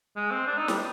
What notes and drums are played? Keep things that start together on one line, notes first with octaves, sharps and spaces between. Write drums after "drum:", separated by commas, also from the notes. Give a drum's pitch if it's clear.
G#3
C4
D4
D#4
G3, drum: snare